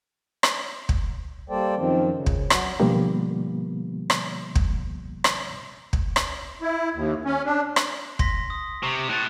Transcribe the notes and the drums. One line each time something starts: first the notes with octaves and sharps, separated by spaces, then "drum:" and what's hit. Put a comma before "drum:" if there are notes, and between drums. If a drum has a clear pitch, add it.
drum: rim click
drum: kick
G3 A#3 A4 C5 D5 G5
F#2 D#3 F3 C4
C#3
drum: kick
F#3 F#4, drum: rim click
B2 D3 F3 G3 A#3 B3
drum: rim click
drum: kick
drum: rim click
drum: kick
drum: rim click
E4
D#2
C#4
D4
drum: rim click
C6 A#6 B6, drum: kick
D#6
C3 C#6
A2 F#6 A6